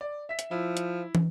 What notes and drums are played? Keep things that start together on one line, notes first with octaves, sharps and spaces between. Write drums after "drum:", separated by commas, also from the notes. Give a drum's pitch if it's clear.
D5
E5 B6
drum: hi-hat
F3 E4
drum: hi-hat
drum: tom